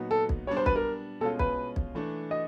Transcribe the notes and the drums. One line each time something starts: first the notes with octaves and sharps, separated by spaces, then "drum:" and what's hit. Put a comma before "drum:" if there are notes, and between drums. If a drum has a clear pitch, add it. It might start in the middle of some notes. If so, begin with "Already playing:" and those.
Already playing: A#2 F#3 B3 D#4 F#4
A4
drum: kick B1
G3 B3 D4 C#5
C5
B4, drum: kick B1
A#4
B2 G#3 C#4 F4 A4
B4, drum: kick B1
drum: kick B1
E3 A3 D4
D#5